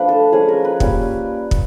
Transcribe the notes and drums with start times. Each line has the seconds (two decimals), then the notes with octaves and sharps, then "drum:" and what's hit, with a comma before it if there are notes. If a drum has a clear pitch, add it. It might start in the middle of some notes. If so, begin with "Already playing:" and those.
Already playing: F3 A3 D4 F4 B4
0.09 A4
0.32 F3 G#3 C#4 G#4
0.49 A#4
0.65 B4
0.80 G3 A#3 C#4, drum: kick
1.51 drum: kick